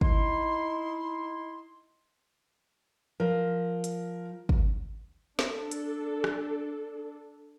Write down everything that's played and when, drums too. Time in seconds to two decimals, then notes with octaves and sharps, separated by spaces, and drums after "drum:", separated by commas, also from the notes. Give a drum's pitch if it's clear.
0.01 D#4 E4 C6, drum: kick
3.20 F3 A#4
3.84 drum: hi-hat
4.49 drum: kick
5.39 D4 A4, drum: snare
5.71 drum: hi-hat
6.24 drum: rim click